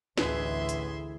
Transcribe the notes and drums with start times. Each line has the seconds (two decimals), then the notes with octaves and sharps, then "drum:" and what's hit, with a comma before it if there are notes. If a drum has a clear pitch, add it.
0.18 A1 D2 E3 G#4 B4 E5 C6, drum: snare
0.69 drum: hi-hat